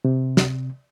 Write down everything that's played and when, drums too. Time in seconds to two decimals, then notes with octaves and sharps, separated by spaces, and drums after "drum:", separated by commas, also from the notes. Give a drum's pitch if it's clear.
0.05 C3
0.37 drum: snare